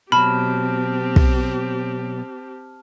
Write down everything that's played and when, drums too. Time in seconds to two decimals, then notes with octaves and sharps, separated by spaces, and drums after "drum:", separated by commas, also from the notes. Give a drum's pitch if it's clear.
0.12 B2 F#3 C4 G4 A5 B5 F6
1.16 drum: kick